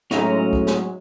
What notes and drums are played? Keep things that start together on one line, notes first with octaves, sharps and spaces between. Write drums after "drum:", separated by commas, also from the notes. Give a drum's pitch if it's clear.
A2 F#3 G#3 C#4 D#4 E4 D#5 A#5, drum: snare
drum: kick C2
drum: snare